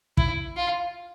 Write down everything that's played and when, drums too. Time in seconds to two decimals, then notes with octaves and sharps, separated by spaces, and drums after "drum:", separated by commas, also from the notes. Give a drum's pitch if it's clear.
0.17 E4, drum: kick
0.56 F4